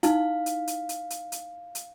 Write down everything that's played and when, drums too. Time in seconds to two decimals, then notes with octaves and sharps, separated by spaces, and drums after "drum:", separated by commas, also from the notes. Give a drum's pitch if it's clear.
0.03 D#4 E4 F5, drum: hi-hat
0.46 drum: hi-hat
0.67 drum: hi-hat
0.89 drum: hi-hat
1.10 drum: hi-hat
1.32 drum: hi-hat
1.75 drum: hi-hat